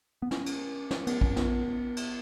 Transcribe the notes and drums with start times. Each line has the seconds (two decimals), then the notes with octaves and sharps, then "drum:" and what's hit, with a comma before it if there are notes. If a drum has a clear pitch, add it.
0.22 B3
0.31 C#4, drum: snare
0.46 drum: cymbal
0.91 C#4, drum: snare
1.07 B3, drum: cymbal
1.21 C#4, drum: kick A#1
1.36 B3, drum: snare
1.97 drum: cymbal